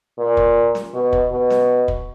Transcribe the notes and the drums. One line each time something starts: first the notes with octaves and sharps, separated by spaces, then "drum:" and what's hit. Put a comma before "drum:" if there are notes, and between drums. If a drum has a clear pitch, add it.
A#2
drum: kick
drum: snare
B2
drum: kick
B2
drum: snare
drum: kick